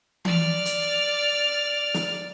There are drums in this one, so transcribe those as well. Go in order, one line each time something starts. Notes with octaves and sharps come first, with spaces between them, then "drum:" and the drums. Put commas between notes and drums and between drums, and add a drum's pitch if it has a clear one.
D5 F6, drum: tom E3
drum: hi-hat
drum: snare